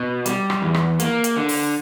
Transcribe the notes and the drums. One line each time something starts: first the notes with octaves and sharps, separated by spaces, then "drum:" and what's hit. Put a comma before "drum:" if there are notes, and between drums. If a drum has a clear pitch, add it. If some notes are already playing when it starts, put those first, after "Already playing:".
Already playing: B2
G3, drum: hi-hat
drum: rim click
E2
drum: rim click
A#3, drum: hi-hat
drum: hi-hat
D3
drum: open hi-hat